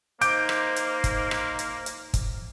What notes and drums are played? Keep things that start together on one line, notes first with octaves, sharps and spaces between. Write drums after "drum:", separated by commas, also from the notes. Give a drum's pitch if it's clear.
A#3 D#4 C5 D6 G6 D7, drum: hi-hat
drum: rim click
drum: hi-hat
drum: kick, hi-hat
drum: rim click
drum: hi-hat
drum: hi-hat
drum: kick, hi-hat